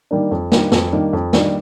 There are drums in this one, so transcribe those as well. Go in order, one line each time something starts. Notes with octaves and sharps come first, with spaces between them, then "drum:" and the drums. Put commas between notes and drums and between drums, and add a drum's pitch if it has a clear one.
D#3 G3 A#3 D4
F2
D#3 G3 A#3 D4, drum: snare
F2, drum: snare
D#3 G3 A#3 D4
F2
D#3 G3 A#3 D4, drum: snare